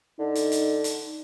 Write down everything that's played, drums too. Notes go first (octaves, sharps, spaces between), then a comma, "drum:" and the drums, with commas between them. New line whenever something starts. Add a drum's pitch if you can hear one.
D3 D#4
drum: hi-hat
drum: hi-hat
drum: hi-hat